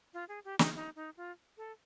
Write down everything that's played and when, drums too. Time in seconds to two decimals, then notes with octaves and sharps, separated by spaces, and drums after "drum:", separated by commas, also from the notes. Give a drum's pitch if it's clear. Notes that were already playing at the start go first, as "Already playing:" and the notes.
0.14 F4
0.29 G#4
0.45 G4
0.59 D#4, drum: snare
0.75 D#4
0.96 D#4
1.17 F4
1.57 A4